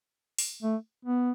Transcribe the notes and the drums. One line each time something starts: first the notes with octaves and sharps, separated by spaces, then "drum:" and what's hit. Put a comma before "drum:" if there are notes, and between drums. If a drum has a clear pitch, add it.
drum: open hi-hat
A3
B3